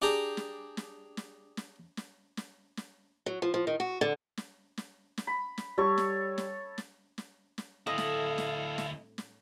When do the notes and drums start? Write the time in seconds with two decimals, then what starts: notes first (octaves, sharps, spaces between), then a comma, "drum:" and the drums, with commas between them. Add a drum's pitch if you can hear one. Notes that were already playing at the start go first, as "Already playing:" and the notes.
0.02 D4 G4 G#4 G5 A#5
0.37 drum: snare
0.77 drum: snare
1.17 drum: snare
1.57 drum: snare
1.97 drum: snare
2.37 drum: snare
2.77 drum: snare
3.26 F#3
3.42 F3
3.54 F3
3.67 D#3
3.80 F#4
4.01 D3
4.37 drum: snare
4.78 drum: snare
5.18 drum: snare
5.27 B5
5.58 drum: snare
5.78 G3 A4 C#5 C#6
5.98 drum: snare
6.38 drum: snare
6.78 drum: snare
7.18 drum: snare
7.58 drum: snare
7.87 D2 A2 G3 C4 E4 A4 D#5 F5
7.98 drum: snare
8.38 drum: snare
8.78 drum: snare
9.18 drum: snare